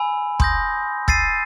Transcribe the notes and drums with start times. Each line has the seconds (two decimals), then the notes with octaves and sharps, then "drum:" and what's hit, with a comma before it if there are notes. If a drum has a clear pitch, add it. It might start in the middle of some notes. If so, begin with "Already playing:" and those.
Already playing: G#5 B5 E6
0.40 C6 D#6 G6 A#6, drum: kick
1.08 E6 A6 C7 D#7, drum: kick